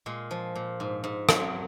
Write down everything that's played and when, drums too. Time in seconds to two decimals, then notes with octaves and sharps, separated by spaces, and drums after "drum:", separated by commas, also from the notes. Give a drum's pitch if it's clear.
0.06 A#2 G#3
0.31 F3
0.55 A#2
0.80 G#2
1.04 G#2
1.29 F#3, drum: rim click